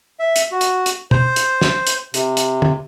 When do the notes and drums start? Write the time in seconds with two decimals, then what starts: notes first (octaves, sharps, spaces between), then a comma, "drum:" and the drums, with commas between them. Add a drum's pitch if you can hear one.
0.19 E5
0.36 drum: hi-hat
0.51 F#4
0.61 drum: hi-hat
0.86 drum: hi-hat
1.11 C5, drum: tom
1.36 drum: hi-hat
1.61 drum: snare
1.87 drum: hi-hat
2.14 C3, drum: hi-hat
2.37 drum: hi-hat
2.62 drum: tom